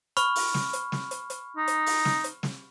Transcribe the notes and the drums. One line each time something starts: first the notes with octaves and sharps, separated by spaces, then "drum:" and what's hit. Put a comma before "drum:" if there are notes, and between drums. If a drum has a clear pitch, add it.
B5 C#6 F6, drum: hi-hat
drum: open hi-hat
drum: snare
drum: hi-hat
drum: snare
drum: hi-hat
drum: hi-hat
D#4
drum: hi-hat
drum: open hi-hat
drum: snare
drum: hi-hat
drum: snare